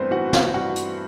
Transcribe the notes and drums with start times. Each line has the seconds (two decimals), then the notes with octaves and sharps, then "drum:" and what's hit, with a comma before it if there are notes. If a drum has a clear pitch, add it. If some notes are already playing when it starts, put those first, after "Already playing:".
Already playing: G2 E3 A3 B3 C4 B4 C5
0.11 E3 F#4 F#5
0.33 drum: snare
0.54 G2 F#4 F#5
0.76 drum: hi-hat